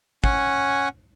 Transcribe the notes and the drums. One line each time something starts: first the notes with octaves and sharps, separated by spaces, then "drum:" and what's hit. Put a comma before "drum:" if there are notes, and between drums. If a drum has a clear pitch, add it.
C#4 F#5 G#5, drum: kick